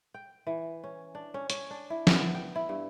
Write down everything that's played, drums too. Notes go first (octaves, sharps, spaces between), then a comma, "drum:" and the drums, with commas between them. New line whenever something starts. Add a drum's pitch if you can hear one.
G5
E3
C#4
D4
C#4
C#4, drum: hi-hat
D4
E4
B3, drum: snare
G5
E4
G2